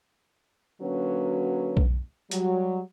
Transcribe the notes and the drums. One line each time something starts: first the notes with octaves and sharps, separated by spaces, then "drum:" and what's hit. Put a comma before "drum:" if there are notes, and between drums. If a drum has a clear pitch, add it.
D3 F#3 A#3 C#4 F#4 B4
drum: kick B1
F#3 G3, drum: hi-hat